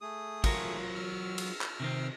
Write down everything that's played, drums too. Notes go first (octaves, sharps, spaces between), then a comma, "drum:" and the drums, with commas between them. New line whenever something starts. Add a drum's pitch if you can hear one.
A3 G#4 D#6
F#3 F4 F#4 A#4, drum: kick, cymbal
E6 F6
drum: cymbal
drum: clap
C3 D#3 C4